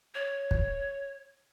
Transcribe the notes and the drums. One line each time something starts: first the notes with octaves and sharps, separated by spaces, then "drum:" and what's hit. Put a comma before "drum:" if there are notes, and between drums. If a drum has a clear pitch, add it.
C#5
drum: kick